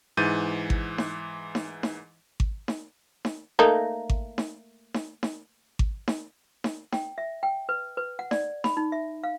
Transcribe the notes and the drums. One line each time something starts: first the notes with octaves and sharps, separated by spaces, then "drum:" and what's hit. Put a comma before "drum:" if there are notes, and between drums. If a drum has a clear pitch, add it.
G#2 E3 G6 A6 D#7
drum: kick G#1
drum: snare D#4
drum: snare D#4
drum: snare D#4
drum: kick G#1
drum: snare D#4
drum: snare D#4
A3 A#3 D#4
drum: kick G#1
drum: snare D#4
drum: snare D#4
drum: snare D#4
drum: kick G#1
drum: snare D#4
drum: snare D#4
G5, drum: snare D#4
E5
G5
B4
B4
F#5
D5, drum: snare D#4
B5, drum: snare D#4
D#4
E5
F5